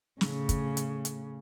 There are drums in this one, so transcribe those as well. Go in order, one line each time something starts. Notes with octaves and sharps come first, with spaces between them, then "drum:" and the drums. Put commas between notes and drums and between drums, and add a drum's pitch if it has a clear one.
A2 C#3, drum: snare
drum: kick, hi-hat
drum: hi-hat
drum: hi-hat